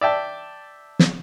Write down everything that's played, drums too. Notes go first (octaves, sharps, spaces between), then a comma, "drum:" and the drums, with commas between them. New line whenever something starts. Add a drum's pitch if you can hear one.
D5 E5 G5 A5
drum: snare